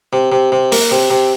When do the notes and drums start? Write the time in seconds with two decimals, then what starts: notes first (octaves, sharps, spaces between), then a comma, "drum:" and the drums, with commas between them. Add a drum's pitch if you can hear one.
0.13 C3
0.32 C3
0.52 C3
0.72 A#3, drum: open hi-hat
0.91 C3
1.10 C3